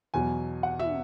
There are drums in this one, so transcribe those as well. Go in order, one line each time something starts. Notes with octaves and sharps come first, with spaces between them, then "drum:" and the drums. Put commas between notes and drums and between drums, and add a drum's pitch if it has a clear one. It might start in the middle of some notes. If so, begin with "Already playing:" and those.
E2 B2 F#3 G#5
F#5
E5, drum: tom